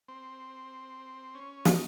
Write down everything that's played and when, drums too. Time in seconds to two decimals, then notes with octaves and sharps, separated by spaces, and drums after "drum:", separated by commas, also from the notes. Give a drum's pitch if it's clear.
0.08 C4
1.35 C#4
1.65 D#4, drum: snare